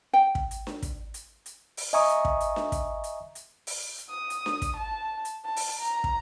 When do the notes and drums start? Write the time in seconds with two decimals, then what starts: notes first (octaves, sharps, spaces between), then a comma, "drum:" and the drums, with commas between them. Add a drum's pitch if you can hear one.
0.13 G5
0.35 drum: kick
0.51 drum: hi-hat
0.67 drum: snare D4
0.82 drum: kick, hi-hat
1.14 drum: hi-hat
1.46 drum: hi-hat
1.77 drum: open hi-hat
1.93 D#5 E5 G#5 A#5 C#6 D#6
2.09 drum: hi-hat
2.25 drum: kick
2.40 drum: hi-hat
2.56 drum: snare D4
2.72 drum: kick, hi-hat
3.04 drum: hi-hat
3.35 drum: hi-hat
3.67 drum: open hi-hat
3.98 drum: hi-hat
4.10 D#6
4.30 drum: hi-hat
4.46 drum: snare D4
4.62 drum: kick, hi-hat
4.77 A5
5.25 drum: hi-hat
5.45 A5
5.56 drum: open hi-hat
5.79 A#5
6.04 drum: kick